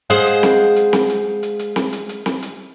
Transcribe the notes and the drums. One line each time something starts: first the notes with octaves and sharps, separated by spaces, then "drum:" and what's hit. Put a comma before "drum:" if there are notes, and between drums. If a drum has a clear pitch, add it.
G#3 G#4 C5 F5 F#5, drum: hi-hat
drum: hi-hat
drum: snare C4
drum: hi-hat
drum: snare C4
drum: hi-hat
drum: hi-hat
drum: hi-hat
drum: snare C4
drum: hi-hat
drum: hi-hat
drum: snare C4
drum: hi-hat